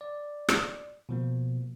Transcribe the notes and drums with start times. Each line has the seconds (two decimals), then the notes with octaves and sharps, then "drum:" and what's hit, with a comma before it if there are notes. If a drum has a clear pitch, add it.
0.01 D5
0.49 drum: rim click
1.09 B2 F3 A#3